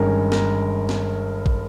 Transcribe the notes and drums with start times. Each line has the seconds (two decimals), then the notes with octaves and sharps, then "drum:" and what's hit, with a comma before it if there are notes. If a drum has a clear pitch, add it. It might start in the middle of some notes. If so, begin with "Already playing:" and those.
Already playing: G1 G2 D#3 G#3 C#4 A#4
0.32 A#4, drum: snare
0.89 drum: snare
1.46 drum: kick